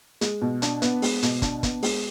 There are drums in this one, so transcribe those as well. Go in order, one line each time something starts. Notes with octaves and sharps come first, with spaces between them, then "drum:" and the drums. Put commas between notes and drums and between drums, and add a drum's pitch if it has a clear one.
G#3, drum: hi-hat
B2
D4, drum: hi-hat
B3, drum: hi-hat
G#3, drum: open hi-hat
B2, drum: hi-hat
D4, drum: kick, hi-hat
B3, drum: kick, hi-hat
G#3, drum: open hi-hat